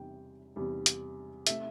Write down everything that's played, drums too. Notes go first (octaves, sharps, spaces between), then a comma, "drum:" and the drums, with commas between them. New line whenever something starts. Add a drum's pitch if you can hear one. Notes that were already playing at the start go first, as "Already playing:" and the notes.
Already playing: E2 C3 G3 G5
E2 C3 G3
drum: hi-hat
C3 A3 E5, drum: hi-hat